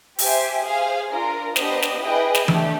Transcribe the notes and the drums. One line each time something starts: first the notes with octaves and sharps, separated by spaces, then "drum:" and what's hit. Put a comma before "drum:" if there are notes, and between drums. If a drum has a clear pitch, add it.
G4 C5 E5 G#5, drum: open hi-hat
G#4 C5 F5 G#5
D4 F4 A#4
B3 D4 G4 C5 D#5, drum: snare
drum: snare
E4 G#4 B4 D#5 G5
drum: snare
A3 D4 G4, drum: tom E3